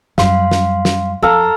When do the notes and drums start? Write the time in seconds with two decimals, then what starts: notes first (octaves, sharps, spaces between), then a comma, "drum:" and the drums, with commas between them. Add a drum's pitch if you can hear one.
0.18 F#2 G3 F5 C6, drum: snare
0.51 drum: snare
0.85 drum: snare
1.22 F2 A4 F5 A#5